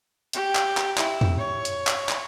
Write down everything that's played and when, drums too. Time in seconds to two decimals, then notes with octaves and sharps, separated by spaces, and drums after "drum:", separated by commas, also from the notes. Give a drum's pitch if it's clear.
0.33 G4, drum: hi-hat
0.55 drum: clap
0.77 drum: clap
0.98 E4, drum: clap
1.21 drum: tom E2
1.38 C#5
1.65 drum: hi-hat
1.87 drum: clap
2.09 drum: clap